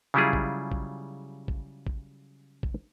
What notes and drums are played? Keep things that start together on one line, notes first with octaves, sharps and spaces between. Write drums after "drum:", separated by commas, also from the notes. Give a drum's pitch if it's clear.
C#3 F#3 G3 E4 F4 G#4
drum: kick
drum: kick
drum: kick
drum: kick
drum: kick